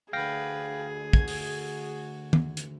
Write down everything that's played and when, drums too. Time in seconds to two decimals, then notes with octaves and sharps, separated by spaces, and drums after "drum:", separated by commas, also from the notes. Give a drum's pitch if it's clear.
0.13 D2 D3 D4 G#4 B4 F5 G5 A#6
1.13 F#4 G#6, drum: kick
1.28 drum: open hi-hat
2.33 drum: tom D#3
2.57 drum: hi-hat